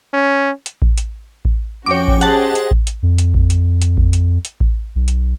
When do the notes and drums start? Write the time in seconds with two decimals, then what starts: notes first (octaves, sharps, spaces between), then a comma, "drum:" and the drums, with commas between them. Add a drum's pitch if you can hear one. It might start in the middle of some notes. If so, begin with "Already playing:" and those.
0.13 C#4
0.66 drum: hi-hat
0.82 drum: kick A1
0.98 drum: hi-hat
1.45 drum: kick A1
1.86 F2 C#4 F#4 C#5 G5 D6
2.08 drum: kick A1
2.21 G4 G#4 C5 D#5 F#5 A5, drum: hi-hat
2.55 drum: hi-hat
2.71 drum: kick A1
2.87 drum: hi-hat
3.03 F2
3.18 drum: hi-hat
3.34 drum: kick A1
3.50 drum: hi-hat
3.82 drum: hi-hat
3.97 drum: kick A1
4.13 drum: hi-hat
4.45 drum: hi-hat
4.60 drum: kick A1
4.96 B1
5.08 drum: hi-hat